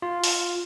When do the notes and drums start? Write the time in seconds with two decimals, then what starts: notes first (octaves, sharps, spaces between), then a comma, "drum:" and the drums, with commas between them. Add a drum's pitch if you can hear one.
0.02 F4
0.24 drum: open hi-hat